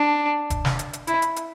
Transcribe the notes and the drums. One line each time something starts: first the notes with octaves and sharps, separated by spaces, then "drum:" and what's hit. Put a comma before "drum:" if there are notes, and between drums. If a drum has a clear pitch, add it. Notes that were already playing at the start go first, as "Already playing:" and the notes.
Already playing: D4
drum: kick E1, hi-hat
drum: snare
drum: hi-hat
drum: hi-hat
E4, drum: hi-hat
drum: hi-hat
drum: hi-hat